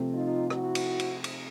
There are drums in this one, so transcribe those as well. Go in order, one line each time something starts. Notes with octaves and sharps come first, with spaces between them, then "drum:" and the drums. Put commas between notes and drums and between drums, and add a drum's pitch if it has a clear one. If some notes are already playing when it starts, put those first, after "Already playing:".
Already playing: C3 F3 A3 C4
D#4 F4
E4 F#4, drum: rim click
drum: cymbal
drum: cymbal
drum: cymbal